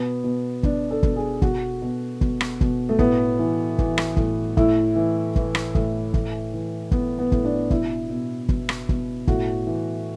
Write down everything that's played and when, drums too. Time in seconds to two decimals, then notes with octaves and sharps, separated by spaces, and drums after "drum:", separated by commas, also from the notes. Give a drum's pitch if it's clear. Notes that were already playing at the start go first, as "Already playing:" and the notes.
Already playing: B2 B3
0.24 B2
0.63 B2 D4, drum: kick
0.91 A4
1.03 B2, drum: kick
1.16 G#4
1.42 B2 F#4, drum: kick
1.82 B2
2.21 B2, drum: kick
2.41 drum: rim click
2.61 B2, drum: kick
2.89 A3
2.99 A2 B3, drum: kick
3.39 E3
3.78 E3, drum: kick
3.98 drum: rim click
4.17 A2, drum: kick
4.57 A2 E4, drum: kick
4.96 E3
5.36 E3, drum: kick
5.55 drum: rim click
5.75 A2, drum: kick
6.14 A2, drum: kick
6.53 E3
6.91 E3 B3, drum: kick
7.19 B3
7.32 A2, drum: kick
7.45 D4
7.70 B2 E4, drum: kick
8.09 B2
8.49 B2, drum: kick
8.69 drum: rim click
8.89 B2, drum: kick
9.27 A2 F#4, drum: kick
9.67 E3